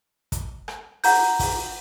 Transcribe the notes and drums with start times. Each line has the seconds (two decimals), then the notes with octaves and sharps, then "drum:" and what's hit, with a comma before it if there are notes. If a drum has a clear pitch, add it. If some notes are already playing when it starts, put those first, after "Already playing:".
0.32 drum: kick, hi-hat
0.68 drum: rim click
1.04 F#5 A#5 G6, drum: open hi-hat
1.39 drum: kick, open hi-hat